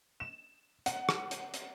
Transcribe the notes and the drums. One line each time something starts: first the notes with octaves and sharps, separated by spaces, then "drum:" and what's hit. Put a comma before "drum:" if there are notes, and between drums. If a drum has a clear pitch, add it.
E7
F#5, drum: hi-hat
drum: rim click
drum: hi-hat
drum: hi-hat